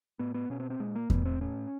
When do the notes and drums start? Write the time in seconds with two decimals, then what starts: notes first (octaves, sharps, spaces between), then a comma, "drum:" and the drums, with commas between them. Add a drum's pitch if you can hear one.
0.19 A2 B3
0.34 B3
0.50 B2 C#4
0.60 C4
0.70 C4
0.79 A#2 G#3
0.95 A#3
1.10 A2 B3, drum: kick E2
1.25 C4
1.41 A2 C#4